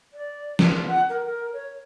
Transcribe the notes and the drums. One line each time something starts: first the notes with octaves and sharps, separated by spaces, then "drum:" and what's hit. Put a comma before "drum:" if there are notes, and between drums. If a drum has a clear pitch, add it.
D5
F4, drum: snare
F#5
A#4
A#4
C#5